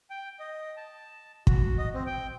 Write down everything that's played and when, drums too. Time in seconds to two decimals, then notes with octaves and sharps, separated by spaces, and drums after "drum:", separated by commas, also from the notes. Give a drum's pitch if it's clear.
0.10 G5
0.39 D#5
0.77 A5
1.47 F#4, drum: kick
1.78 D#5
1.94 C4
2.06 G5